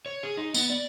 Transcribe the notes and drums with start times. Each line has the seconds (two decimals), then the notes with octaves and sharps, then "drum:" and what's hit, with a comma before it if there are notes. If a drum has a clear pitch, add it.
0.06 C#5
0.23 G#4
0.37 D#4
0.54 B3, drum: tambourine
0.70 D5